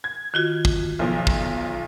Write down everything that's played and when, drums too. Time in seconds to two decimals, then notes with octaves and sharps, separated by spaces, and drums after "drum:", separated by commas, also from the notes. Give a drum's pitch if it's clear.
0.04 G#6
0.34 D#3 F4 F#4
0.65 drum: kick
0.99 B1 F3
1.27 drum: kick